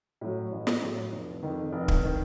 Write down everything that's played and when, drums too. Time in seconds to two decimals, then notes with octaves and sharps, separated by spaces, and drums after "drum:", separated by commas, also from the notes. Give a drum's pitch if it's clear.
0.21 A2 F#3
0.52 A1
0.67 drum: snare
0.82 A2 F#3
1.13 F1
1.42 F2 D#3
1.73 F1
1.88 drum: kick
2.03 D#3